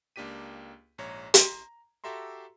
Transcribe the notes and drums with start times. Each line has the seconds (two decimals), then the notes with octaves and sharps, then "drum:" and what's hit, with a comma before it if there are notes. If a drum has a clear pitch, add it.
0.16 C#2 A#3 D4 G4 B6 D#7
0.98 A#1 G#2 C#5 A#5
1.34 A#5, drum: hi-hat
2.04 F#4 G4 A4 E5 A#5 C6